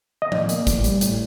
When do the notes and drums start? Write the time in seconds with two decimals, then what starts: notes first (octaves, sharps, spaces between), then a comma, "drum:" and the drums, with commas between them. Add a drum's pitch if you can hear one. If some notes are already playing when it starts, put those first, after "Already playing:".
0.22 D#5
0.32 A2 D5, drum: tom F3
0.49 A#3, drum: hi-hat
0.67 A2, drum: kick, hi-hat
0.84 G3, drum: hi-hat
1.01 A2, drum: hi-hat